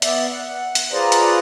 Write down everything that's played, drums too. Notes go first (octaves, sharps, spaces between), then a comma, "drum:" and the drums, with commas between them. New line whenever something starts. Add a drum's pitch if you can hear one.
B3 D5 E5, drum: hi-hat
F#5
drum: hi-hat
F4 G#4 B4 C5 D5 A#5
drum: hi-hat